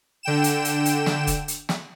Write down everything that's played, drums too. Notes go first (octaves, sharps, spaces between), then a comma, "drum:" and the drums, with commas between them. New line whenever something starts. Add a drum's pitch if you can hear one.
D3 G5 E7
drum: hi-hat
drum: hi-hat
drum: hi-hat
drum: snare
drum: kick E1, hi-hat
drum: hi-hat
drum: snare